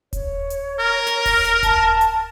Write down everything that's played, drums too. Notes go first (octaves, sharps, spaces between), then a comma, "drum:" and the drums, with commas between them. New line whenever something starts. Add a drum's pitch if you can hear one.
C#5, drum: kick D#1, hi-hat
drum: hi-hat
A#4
drum: snare
drum: kick D#1, open hi-hat
drum: snare
A5, drum: kick D#1, hi-hat
drum: hi-hat